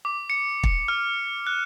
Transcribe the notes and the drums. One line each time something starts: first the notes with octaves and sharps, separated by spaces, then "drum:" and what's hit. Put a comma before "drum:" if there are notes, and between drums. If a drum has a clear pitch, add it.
D6
C#7
drum: kick
F6
F#6